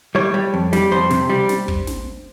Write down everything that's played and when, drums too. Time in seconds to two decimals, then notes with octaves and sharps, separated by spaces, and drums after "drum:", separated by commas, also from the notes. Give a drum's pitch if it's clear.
0.15 G3 C#5
0.34 G3
0.54 F2
0.73 G3, drum: snare
0.91 F2 C5
1.10 C3, drum: snare
1.30 G3
1.49 drum: snare
1.68 drum: kick
1.87 drum: snare